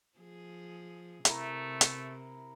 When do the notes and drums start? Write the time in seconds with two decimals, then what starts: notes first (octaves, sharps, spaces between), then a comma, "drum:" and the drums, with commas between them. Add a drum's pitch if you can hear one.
0.18 F3 G#4
1.25 C3 A3 E4 A#4, drum: hi-hat
1.81 drum: hi-hat